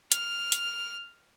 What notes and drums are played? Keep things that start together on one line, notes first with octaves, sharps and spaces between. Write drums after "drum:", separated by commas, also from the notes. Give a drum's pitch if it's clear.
F6, drum: hi-hat
drum: hi-hat